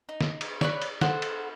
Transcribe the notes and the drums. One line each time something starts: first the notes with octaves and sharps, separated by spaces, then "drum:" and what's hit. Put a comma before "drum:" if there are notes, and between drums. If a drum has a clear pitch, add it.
D#4
drum: snare
drum: cymbal
B4 C#5 D5, drum: snare
drum: cymbal
A4 C5 F#5, drum: snare
drum: cymbal